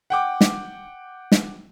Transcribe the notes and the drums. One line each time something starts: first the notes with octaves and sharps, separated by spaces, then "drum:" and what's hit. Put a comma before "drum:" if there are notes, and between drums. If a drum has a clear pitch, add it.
F#5 G5 D6
drum: snare
drum: snare